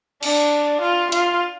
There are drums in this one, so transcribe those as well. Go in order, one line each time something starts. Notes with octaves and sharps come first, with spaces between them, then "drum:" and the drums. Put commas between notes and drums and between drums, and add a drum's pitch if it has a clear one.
D4, drum: cymbal
F4
F4, drum: hi-hat